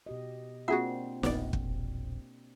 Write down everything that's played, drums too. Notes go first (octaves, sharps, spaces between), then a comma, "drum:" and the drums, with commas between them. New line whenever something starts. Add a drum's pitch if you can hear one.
B2 G4 D#5
A#3 C4 D4 F4 F#4 G#4 E5 F#5
E1 A#1 B3 D5, drum: snare
drum: kick